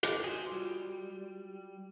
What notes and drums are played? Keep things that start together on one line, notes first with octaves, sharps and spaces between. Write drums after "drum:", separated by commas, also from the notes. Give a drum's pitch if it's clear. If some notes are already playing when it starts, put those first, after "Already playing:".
D6, drum: hi-hat
F#4 G#4 C5
G3 F4 F#4